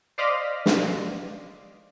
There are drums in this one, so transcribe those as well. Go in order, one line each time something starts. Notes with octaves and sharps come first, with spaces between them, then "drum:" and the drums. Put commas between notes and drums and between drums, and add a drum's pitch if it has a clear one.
C5 D5 D#5 F5 A#6 B6
drum: snare